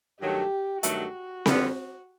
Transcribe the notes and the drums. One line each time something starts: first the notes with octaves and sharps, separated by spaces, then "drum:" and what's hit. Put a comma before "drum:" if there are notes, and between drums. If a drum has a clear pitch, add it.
G2 D#3 F#3 A3 G4
G2 D#3 F#3 A3 F#4, drum: hi-hat
F2 D3 G3 B3, drum: snare C4